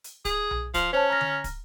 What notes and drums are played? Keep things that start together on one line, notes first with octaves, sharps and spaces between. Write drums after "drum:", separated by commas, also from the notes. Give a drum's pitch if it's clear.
drum: hi-hat
G#4, drum: kick, hi-hat
drum: tom B1
F3, drum: kick, hi-hat
C#4 C5 C#5 A5
A#5 F6 A#6
drum: tom D3
drum: kick, hi-hat